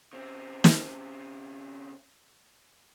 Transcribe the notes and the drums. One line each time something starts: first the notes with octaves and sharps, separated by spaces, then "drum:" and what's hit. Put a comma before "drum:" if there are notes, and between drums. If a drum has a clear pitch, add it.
C#3 C4
drum: snare